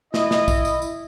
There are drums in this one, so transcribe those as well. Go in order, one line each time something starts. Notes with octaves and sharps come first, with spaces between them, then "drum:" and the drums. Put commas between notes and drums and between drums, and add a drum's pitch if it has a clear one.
E4 D#5, drum: snare
drum: snare
drum: kick, tambourine
drum: tambourine
drum: tambourine